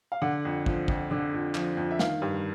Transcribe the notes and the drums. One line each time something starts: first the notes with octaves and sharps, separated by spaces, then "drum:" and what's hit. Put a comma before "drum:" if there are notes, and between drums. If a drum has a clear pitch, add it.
F5
D3 F#5
F2
F3, drum: kick
F2, drum: kick
D3
F2
F3, drum: clap
F2
E5
D#3 F5, drum: snare
G2